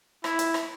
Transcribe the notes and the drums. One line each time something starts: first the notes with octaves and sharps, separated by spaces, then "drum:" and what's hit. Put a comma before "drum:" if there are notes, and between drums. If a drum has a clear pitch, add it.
E4, drum: rim click
drum: hi-hat
drum: rim click